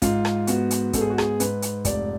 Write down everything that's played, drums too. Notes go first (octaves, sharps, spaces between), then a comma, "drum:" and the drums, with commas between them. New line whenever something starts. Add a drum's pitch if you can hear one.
G#2 F4, drum: kick, hi-hat
drum: rim click
B3 F#4, drum: hi-hat
drum: hi-hat
G#2 A4, drum: kick, hi-hat
G#4
F#4
G#4, drum: rim click
G#2 B4, drum: hi-hat
drum: hi-hat
F1 D5, drum: kick, hi-hat